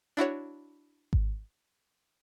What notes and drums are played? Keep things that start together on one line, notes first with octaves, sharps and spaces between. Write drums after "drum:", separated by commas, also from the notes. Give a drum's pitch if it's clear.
D4 E4 F#4 C#5
drum: kick G#1